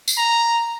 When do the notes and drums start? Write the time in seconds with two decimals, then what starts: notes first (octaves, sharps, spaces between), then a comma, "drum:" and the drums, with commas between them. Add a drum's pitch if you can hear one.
0.08 drum: tambourine
0.18 A#5